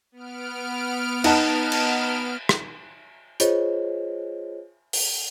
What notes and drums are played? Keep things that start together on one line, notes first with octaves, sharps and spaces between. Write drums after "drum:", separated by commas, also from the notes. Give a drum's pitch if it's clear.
B3 F6 D7
D#4 F#5 A5, drum: cymbal
drum: cymbal
drum: rim click
F4 G#4 C5 C#5 D#5, drum: hi-hat
drum: open hi-hat